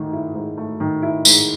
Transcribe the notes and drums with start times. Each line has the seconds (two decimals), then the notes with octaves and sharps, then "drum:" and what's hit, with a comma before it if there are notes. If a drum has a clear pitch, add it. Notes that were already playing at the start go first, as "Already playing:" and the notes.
Already playing: G#2 D#3 A3
0.13 E4
0.35 G#2
0.57 A3
0.80 D#3
1.02 E4
1.25 G#2, drum: tambourine